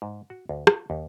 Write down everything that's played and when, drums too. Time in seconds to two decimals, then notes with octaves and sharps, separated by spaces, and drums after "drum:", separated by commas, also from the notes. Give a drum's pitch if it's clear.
0.02 G#2
0.30 F#4
0.49 D2
0.67 F4, drum: rim click
0.90 D#2